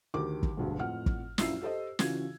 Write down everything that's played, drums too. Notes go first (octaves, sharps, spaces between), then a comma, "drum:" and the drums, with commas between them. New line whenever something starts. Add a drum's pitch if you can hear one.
D2 D#3 G4 D6
drum: kick
E1 D2 G2
F2 A2 F#5 F6
drum: kick
A#1 F#2 E4 F4 E6 C7, drum: snare
G4 A4 C5 D#5
C#3 E3 F4 F#4 G#6, drum: snare